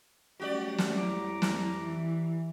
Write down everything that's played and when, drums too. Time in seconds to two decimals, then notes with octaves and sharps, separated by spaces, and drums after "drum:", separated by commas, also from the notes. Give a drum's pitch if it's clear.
0.40 F#3 G3 A3 C#4 F#4 G4 D5
0.78 drum: snare
0.97 F2 E4 A#5 D6
1.42 drum: snare
1.75 E3